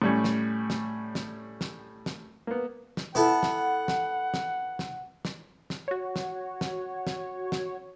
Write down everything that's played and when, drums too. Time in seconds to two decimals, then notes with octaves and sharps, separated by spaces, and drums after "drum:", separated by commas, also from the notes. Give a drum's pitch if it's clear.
0.02 A2 G3 C#4
0.24 drum: snare
0.70 drum: snare
1.15 drum: snare
1.61 drum: snare
2.06 drum: snare
2.47 A#3 B3
2.97 drum: snare
3.15 B3 E4 A4 F#5
3.43 drum: snare
3.88 drum: snare
4.34 drum: snare
4.79 drum: snare
5.25 drum: snare
5.70 drum: snare
5.88 F#4 C#5
6.16 drum: snare
6.61 drum: snare
7.07 drum: snare
7.52 drum: snare